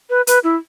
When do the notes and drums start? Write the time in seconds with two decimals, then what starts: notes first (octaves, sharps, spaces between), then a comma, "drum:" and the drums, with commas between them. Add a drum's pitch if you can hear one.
0.10 B4
0.27 B4, drum: hi-hat
0.44 E4